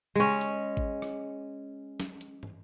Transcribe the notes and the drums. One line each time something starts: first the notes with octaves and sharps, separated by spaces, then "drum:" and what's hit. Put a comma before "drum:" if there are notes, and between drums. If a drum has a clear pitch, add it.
G#3 C#4, drum: tom C#3
drum: hi-hat
drum: kick G#1
drum: rim click
drum: snare
drum: hi-hat
drum: tom